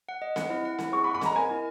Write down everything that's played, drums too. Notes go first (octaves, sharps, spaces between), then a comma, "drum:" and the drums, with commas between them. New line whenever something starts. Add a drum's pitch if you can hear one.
F#5
D#5
F#5, drum: snare C4
E4
F#5
E4, drum: snare C4
G#4 C#6
B5
F#5
B5
D#5 A#5, drum: snare C4
A#4 G#5
E4